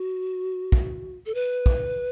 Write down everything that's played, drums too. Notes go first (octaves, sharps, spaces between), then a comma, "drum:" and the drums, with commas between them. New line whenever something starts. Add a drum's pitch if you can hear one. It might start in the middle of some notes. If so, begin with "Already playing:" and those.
Already playing: F#4
drum: kick
A4
B4
drum: kick